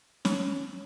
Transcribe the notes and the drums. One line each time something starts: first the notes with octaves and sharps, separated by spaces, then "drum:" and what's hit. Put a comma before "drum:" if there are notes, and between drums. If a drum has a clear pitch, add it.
C#4, drum: snare